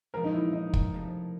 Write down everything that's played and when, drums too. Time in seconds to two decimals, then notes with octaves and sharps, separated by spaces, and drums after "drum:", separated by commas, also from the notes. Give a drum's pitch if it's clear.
0.14 A#2 F3 G#3 A#4
0.24 D#4
0.34 E4
0.53 D#4
0.73 drum: kick
0.94 C3 F3 A3